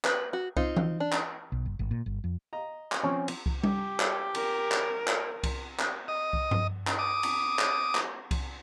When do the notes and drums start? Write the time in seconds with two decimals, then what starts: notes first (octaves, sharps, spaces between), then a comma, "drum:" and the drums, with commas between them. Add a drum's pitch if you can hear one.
0.05 B4, drum: clap
0.33 F#4
0.57 C4 D#4 F4, drum: kick C2
0.76 drum: tom E3
1.00 D4
1.12 drum: clap
1.52 B1
1.66 F#1
1.79 G#1
1.91 A#2
2.06 G1
2.24 F2
2.53 D#5 A#5
2.92 drum: clap
3.03 F3 C4 C#4
3.28 drum: cymbal
3.46 drum: kick C2
3.63 G4, drum: tom G3
4.00 drum: clap
4.35 A#4, drum: cymbal
4.72 drum: clap
5.08 drum: clap
5.43 drum: kick C2, cymbal
5.79 drum: clap
6.08 D#5
6.33 drum: kick C2
6.51 drum: tom G2
6.87 drum: clap
6.99 D6 D#6
7.23 drum: cymbal
7.59 drum: clap
7.95 drum: clap
8.31 drum: kick C2, cymbal